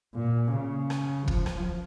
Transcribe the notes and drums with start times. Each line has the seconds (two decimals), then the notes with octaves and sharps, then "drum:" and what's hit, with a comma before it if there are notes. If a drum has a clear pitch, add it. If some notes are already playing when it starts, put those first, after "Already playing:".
0.15 A#2
0.53 C#3
0.90 drum: rim click
1.28 F3, drum: kick
1.46 drum: rim click